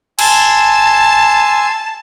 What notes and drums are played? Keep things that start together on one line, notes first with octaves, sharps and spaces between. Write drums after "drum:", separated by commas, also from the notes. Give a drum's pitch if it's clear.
G#5 A5 C6 E6, drum: cymbal